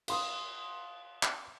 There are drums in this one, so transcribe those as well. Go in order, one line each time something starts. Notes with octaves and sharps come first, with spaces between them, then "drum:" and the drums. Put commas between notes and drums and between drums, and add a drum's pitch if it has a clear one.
F5 C6 D#6, drum: cymbal
drum: clap